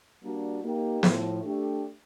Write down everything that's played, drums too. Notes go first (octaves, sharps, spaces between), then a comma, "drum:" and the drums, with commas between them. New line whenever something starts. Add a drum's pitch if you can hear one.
G3 A#3 D4 F#4
A#3 D#4 G4
A2 F3 A3, drum: snare
A3 D4 G4